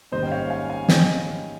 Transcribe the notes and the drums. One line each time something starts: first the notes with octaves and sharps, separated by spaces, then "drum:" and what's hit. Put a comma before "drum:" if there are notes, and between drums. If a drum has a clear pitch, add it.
G#2 D#3 G3 A#3 C#4 C5 D#5
G5
C#5 F5
F5 G#5
F5 G#5
D#5 G5, drum: snare